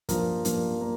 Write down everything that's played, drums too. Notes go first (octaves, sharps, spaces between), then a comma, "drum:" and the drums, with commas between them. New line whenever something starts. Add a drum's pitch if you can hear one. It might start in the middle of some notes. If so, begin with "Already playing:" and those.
G2 F3 A#3 A#4, drum: kick, hi-hat
G2 F3 A#3, drum: hi-hat
A#3